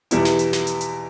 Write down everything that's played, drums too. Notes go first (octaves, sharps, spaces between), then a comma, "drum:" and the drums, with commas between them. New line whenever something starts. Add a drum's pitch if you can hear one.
E2 B2 G3 B3 E4, drum: hi-hat
drum: snare
drum: hi-hat
drum: snare
drum: hi-hat
drum: hi-hat